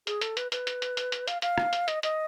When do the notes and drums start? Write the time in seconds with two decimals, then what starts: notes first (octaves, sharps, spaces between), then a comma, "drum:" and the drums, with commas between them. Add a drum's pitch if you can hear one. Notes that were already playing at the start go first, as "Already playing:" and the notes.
0.07 G#4, drum: hi-hat
0.21 A4, drum: hi-hat
0.37 B4, drum: hi-hat
0.52 B4, drum: hi-hat
0.67 drum: hi-hat
0.82 drum: hi-hat
0.97 drum: hi-hat
1.12 drum: hi-hat
1.28 F5, drum: hi-hat
1.42 F5, drum: hi-hat
1.58 drum: rim click
1.73 drum: hi-hat
1.88 D#5, drum: hi-hat
2.03 D#5, drum: hi-hat